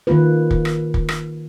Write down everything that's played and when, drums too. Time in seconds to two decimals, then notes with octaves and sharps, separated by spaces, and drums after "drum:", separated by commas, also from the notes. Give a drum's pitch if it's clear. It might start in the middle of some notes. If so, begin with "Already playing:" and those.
0.07 D#3 A#3 F4 B4
0.51 drum: kick
0.65 drum: rim click
0.94 drum: kick
1.09 drum: rim click